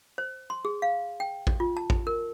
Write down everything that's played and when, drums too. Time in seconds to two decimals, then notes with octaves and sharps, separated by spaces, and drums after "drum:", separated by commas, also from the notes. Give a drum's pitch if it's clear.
0.18 C5
0.50 C6
0.65 G#4
0.82 F5
1.20 G5
1.47 drum: kick A1
1.60 F4
1.77 A5
1.90 drum: kick A1
2.07 A#4